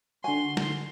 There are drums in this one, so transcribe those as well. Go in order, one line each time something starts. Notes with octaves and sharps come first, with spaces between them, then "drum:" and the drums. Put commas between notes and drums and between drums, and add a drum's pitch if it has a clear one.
D3 F#4 G#5 C6
drum: snare